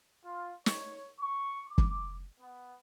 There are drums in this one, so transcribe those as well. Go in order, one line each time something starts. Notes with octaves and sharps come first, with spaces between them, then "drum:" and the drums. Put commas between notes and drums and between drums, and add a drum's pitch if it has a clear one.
F4
C#5, drum: snare
C#6
D6
drum: kick
B3